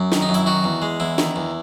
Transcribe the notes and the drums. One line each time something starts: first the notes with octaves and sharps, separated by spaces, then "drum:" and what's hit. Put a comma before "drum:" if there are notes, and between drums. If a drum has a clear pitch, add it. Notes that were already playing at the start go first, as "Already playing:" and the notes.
Already playing: F#2
D#3, drum: snare
D#4
F#2
E4, drum: tambourine
D#3 F#4
E2
G#3
E2 E4
D#3, drum: snare
E2